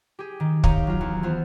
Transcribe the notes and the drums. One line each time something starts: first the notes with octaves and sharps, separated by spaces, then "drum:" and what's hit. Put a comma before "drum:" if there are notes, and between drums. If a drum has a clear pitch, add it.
G4 G#4
D#3
D#4 G4 C#5 F5 A#5, drum: kick
F#3 F4
E2
E3 B3 F4 C5